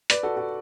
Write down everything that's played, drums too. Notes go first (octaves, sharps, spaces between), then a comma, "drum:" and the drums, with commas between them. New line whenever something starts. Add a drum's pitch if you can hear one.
B4 D5, drum: hi-hat
F#4 A4
F#4 A4